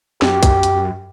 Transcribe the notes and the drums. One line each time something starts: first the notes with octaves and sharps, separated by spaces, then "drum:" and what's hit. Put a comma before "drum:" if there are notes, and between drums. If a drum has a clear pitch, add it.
F#2 G4, drum: snare
drum: kick A#1, hi-hat
drum: hi-hat